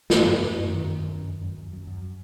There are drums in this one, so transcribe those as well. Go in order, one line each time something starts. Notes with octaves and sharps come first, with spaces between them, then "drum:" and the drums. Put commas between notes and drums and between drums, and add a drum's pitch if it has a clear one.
F#2 B3, drum: snare
F#2
F#2
F#2
F#2 D#3
F#2
F#2
F#2
F#2
F#2
F#2
F#2
F#2